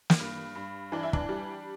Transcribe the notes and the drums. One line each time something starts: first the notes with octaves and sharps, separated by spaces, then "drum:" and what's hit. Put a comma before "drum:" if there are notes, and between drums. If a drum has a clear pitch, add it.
drum: snare
G2
G2
E3 D4
E4
D4, drum: kick
G3